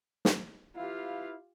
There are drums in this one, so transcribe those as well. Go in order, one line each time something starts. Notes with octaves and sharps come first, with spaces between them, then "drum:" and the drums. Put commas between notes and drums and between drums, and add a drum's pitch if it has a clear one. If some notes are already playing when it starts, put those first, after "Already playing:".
drum: snare
E4 F4 G4 B4 F5